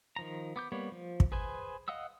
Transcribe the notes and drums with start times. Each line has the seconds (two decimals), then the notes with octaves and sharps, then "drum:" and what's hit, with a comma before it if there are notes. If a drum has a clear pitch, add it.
0.16 D#3 F3 A#5
0.56 B3 D6 G6
0.72 G3 A#3 B3 C#5
0.92 F3
1.20 drum: kick
1.32 G#4 B4 C5 G#5
1.88 D#5 F5 F#5 D#6 E6